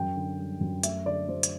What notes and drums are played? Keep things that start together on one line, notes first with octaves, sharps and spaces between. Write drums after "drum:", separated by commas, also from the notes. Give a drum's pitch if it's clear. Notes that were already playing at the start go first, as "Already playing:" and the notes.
Already playing: F#2 G5
D3
G3
F#2
A3 E5, drum: hi-hat
D3 D5
F#3 C5
drum: hi-hat